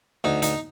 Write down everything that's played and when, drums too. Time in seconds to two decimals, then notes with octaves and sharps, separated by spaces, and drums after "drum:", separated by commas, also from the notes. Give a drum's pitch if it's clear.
0.24 D2 D#4
0.42 D#4, drum: hi-hat